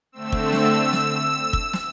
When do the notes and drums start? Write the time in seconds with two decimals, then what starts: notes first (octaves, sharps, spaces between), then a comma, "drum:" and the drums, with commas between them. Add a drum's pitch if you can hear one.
0.12 D3 A3 C4 E6
0.32 drum: kick
0.52 drum: snare
0.93 drum: snare
1.53 drum: kick
1.73 drum: snare